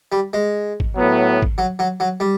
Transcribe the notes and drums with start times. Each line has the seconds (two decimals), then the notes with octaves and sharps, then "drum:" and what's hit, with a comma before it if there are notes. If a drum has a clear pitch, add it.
0.12 G3
0.33 G#3
0.80 drum: kick G#1
0.96 A2 F#3 B3
1.42 drum: kick G#1
1.58 F#3
1.79 F#3
2.00 F#3
2.20 G3